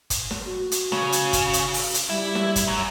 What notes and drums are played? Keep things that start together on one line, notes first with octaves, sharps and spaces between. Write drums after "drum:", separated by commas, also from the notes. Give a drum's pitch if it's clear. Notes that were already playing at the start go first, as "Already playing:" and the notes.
drum: kick, hi-hat
drum: snare
F#4
drum: hi-hat
C#3, drum: snare
drum: hi-hat
drum: kick, hi-hat
drum: hi-hat
drum: open hi-hat
drum: hi-hat
G3 E4
drum: snare
drum: kick, hi-hat
F#2